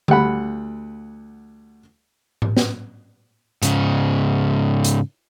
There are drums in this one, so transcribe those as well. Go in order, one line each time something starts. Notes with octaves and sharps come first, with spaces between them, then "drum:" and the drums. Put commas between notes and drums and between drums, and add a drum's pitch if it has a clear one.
D2 G3 F#5 B5, drum: tom D3
drum: tom G#2
drum: snare
G#2 C#3, drum: hi-hat
drum: hi-hat